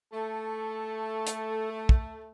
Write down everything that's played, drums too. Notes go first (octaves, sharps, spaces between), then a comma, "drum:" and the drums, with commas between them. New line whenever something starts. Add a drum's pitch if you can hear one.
A3 A4
drum: hi-hat
drum: kick